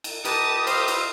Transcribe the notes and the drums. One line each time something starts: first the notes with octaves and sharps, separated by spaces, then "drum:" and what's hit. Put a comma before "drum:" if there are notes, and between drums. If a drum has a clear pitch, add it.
drum: cymbal
G4 B4 A5 A#5 D#6, drum: cymbal
C5 F5 E6, drum: cymbal
drum: cymbal